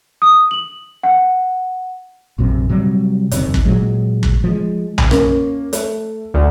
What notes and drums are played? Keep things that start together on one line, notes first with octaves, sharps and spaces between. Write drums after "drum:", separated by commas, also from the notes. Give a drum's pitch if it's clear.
D#6
F#7
F#5
A#1 F#2 C3
C3 F#3 G3
E1 F#2 C3 D#3, drum: hi-hat
drum: kick
A#2 F#3 G#3
drum: kick
F3 G#3
drum: tom B1
A#3 C#4, drum: rim click
A3, drum: hi-hat
D2